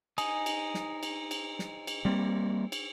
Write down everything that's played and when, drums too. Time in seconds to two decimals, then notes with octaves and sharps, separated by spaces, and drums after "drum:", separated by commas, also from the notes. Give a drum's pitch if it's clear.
0.18 D#4 G#5 D#6, drum: cymbal
0.46 drum: cymbal
0.74 drum: snare
1.03 drum: cymbal
1.31 drum: cymbal
1.59 drum: snare
1.87 drum: cymbal
2.05 G3 A#3 C4
2.72 drum: cymbal